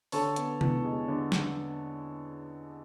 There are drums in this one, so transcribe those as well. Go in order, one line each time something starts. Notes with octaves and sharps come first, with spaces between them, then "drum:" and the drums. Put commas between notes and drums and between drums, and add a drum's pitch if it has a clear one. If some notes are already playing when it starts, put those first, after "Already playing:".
D3 A4 C#5, drum: open hi-hat
B3, drum: hi-hat
E2, drum: tom C3
G#3
D3
B3, drum: snare